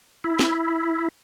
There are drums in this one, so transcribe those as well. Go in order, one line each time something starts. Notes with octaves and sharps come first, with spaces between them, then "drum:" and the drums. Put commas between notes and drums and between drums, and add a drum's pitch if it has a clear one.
E4
drum: snare